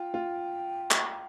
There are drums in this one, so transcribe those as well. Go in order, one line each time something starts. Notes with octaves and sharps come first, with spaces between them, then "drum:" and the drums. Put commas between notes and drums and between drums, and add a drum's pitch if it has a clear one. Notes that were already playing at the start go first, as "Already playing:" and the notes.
Already playing: F4 G5
F4
drum: clap